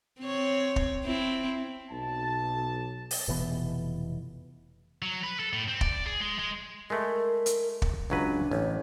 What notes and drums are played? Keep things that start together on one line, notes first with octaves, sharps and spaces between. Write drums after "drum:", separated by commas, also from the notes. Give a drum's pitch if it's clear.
C4 C#5
drum: kick
C4 E4
B1 A5
drum: open hi-hat
F1 B2 E3 B3
F#3
B4
A4
A2
C4
D5, drum: kick
G#4
G#3
G#3
G#3 A3 A#4
drum: hi-hat
drum: kick
C#2 F#3 D4 B4
A1 C#5